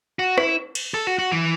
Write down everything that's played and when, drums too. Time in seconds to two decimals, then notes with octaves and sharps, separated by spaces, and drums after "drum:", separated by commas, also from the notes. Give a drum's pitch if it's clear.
0.19 F#4
0.38 E4, drum: rim click
0.75 drum: cymbal
0.94 A4
1.07 F#4
1.19 F#4
1.32 E3